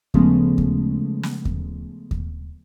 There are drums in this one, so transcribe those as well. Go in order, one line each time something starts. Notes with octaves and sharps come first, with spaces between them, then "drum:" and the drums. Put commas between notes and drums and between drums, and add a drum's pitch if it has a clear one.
C#3 F3 G#3 A3 B3 C#4, drum: kick D#2
drum: kick D#2
drum: snare
drum: kick D#2
drum: kick D#2